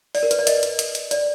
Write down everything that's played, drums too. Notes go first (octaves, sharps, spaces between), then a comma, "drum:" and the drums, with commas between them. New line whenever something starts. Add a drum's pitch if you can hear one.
D5, drum: open hi-hat
A#4
B4, drum: hi-hat
D5
D#5, drum: hi-hat
drum: hi-hat
drum: hi-hat
drum: hi-hat
D5, drum: hi-hat